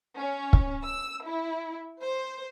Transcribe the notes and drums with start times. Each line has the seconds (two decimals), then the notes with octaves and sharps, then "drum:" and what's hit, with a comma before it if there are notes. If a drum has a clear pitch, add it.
0.18 C#4
0.53 drum: kick
0.85 E6
1.27 E4
2.04 C5